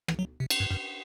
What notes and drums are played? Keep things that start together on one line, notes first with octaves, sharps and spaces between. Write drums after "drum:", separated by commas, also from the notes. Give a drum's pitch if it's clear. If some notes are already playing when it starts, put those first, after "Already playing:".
E3, drum: rim click
F#3
C3
drum: cymbal
G2
F#2